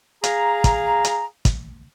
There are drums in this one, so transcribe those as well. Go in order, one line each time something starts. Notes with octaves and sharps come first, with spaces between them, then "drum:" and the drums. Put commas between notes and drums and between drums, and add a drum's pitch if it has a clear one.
G#4 F5 A#5, drum: hi-hat
drum: kick, hi-hat
drum: hi-hat
drum: kick, hi-hat